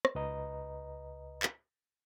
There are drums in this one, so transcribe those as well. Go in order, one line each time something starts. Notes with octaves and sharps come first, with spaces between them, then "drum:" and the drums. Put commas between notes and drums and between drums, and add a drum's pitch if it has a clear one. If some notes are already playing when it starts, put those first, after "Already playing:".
drum: rim click
C#2 B4 D#5 A#5
drum: clap